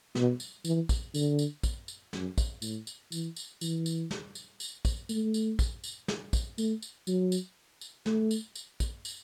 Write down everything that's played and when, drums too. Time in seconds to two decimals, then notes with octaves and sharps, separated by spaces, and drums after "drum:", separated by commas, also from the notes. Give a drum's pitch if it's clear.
0.15 B2, drum: snare
0.40 drum: tambourine
0.65 E3, drum: tambourine
0.89 drum: kick, tambourine
1.14 D3, drum: tambourine
1.39 drum: tambourine
1.63 drum: kick, tambourine
1.88 drum: tambourine
2.13 F#2, drum: snare
2.38 drum: kick, tambourine
2.62 A2, drum: tambourine
2.87 drum: tambourine
3.12 E3, drum: tambourine
3.36 drum: tambourine
3.61 E3, drum: tambourine
3.86 drum: tambourine
4.11 drum: snare
4.35 drum: tambourine
4.60 drum: tambourine
4.85 drum: kick, tambourine
5.09 A3, drum: tambourine
5.34 drum: tambourine
5.59 drum: kick, tambourine
5.84 drum: tambourine
6.08 drum: snare
6.33 drum: kick, tambourine
6.58 A3, drum: tambourine
6.82 drum: tambourine
7.07 F#3, drum: tambourine
7.32 drum: tambourine
7.81 drum: tambourine
8.06 A3, drum: snare
8.31 drum: tambourine
8.55 drum: tambourine
8.80 drum: kick, tambourine
9.05 drum: tambourine